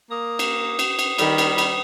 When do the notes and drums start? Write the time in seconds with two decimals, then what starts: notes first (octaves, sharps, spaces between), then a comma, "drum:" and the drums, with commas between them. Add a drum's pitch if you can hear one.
0.11 A#3 D#6
0.39 drum: cymbal
0.79 drum: cymbal
0.99 drum: cymbal
1.18 D#3 G3 B5, drum: cymbal
1.38 drum: cymbal
1.58 drum: cymbal